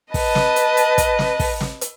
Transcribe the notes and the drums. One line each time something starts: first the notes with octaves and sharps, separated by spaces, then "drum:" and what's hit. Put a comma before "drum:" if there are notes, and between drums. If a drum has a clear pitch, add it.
B4 D#5 A5, drum: kick, open hi-hat
drum: snare
drum: hi-hat
drum: hi-hat
drum: kick, hi-hat
drum: snare
drum: kick, open hi-hat
drum: snare
drum: hi-hat